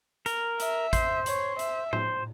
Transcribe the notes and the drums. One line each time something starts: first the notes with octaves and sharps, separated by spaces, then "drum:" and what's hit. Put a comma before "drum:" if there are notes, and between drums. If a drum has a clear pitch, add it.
A#4, drum: hi-hat
E5, drum: hi-hat
C5, drum: kick, hi-hat
C#5, drum: hi-hat
E5, drum: hi-hat
C5, drum: tom A2